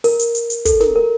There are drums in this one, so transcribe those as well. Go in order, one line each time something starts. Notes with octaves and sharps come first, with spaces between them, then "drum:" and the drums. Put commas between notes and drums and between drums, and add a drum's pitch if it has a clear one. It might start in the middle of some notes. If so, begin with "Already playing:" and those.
A#4, drum: open hi-hat
drum: hi-hat
drum: hi-hat
drum: hi-hat
A4, drum: kick, hi-hat
A#4, drum: snare
A#4